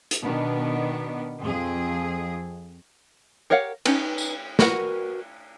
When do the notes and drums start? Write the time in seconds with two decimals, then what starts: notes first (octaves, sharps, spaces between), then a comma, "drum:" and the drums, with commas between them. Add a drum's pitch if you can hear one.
0.11 drum: hi-hat
0.22 B2 D#3 B3 D4
1.43 F2 G#4
3.50 G4 A#4 C#5 F5 F#5
3.85 C#4 D#4 G4 B4, drum: cymbal
4.18 drum: tambourine
4.59 F#4 A#4 B4 F#5, drum: snare